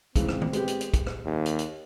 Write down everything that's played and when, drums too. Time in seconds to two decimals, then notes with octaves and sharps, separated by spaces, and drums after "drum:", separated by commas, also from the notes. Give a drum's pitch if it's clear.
0.16 G#2 C#3 E3 C4, drum: kick, hi-hat
0.29 drum: rim click
0.42 drum: tom D#3
0.53 G#3 B3 G4, drum: hi-hat
0.68 drum: hi-hat
0.81 drum: hi-hat
0.94 drum: kick, hi-hat
1.07 drum: rim click
1.26 D#2
1.46 drum: hi-hat
1.59 drum: hi-hat